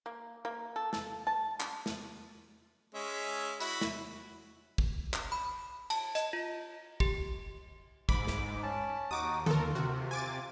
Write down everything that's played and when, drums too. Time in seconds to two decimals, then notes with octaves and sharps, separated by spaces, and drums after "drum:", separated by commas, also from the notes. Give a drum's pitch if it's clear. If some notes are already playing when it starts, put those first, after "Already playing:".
0.06 A#3
0.45 A#3
0.76 A4
0.93 A4, drum: snare
1.27 A5
1.60 drum: clap
1.86 drum: snare
2.95 G#3 C#4 E5
3.60 E4 F#4 B5, drum: tambourine
3.81 drum: snare
4.78 drum: kick
5.13 drum: clap
5.32 B5
5.90 A5, drum: cymbal
6.15 D#5, drum: hi-hat
6.33 F4
7.00 G4, drum: kick
8.09 G#2 B5 D6, drum: kick
8.27 drum: snare
8.63 C#4 A5
9.11 D#2 D#4 F#4 D6 D#6
9.46 F4 A4 A#4, drum: tom D3
9.75 C3 F#4
10.11 G#5 D6 A6